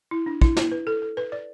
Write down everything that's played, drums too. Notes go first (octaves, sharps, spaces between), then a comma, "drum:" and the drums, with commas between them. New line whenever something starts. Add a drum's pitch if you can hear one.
E4
D4
E4, drum: kick
E4, drum: snare
B4
A4
A4
B4
D5